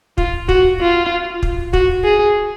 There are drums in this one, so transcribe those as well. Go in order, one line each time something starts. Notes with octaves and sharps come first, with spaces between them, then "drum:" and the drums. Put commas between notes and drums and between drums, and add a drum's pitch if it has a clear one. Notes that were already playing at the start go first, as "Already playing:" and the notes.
F4, drum: kick
F#4, drum: kick
F4
drum: kick
F#4, drum: kick
G#4